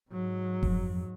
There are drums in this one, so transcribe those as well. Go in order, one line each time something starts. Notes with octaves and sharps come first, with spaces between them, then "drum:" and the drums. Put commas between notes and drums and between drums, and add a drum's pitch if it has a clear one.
G#2 F#3
F2, drum: kick F#1